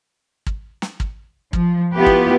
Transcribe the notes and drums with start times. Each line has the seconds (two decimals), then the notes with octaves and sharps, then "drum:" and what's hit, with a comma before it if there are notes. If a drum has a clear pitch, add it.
0.46 drum: kick
0.82 drum: snare
1.00 drum: kick
1.53 F3, drum: kick
1.96 B3 E4 F4 G4 B4
2.06 drum: kick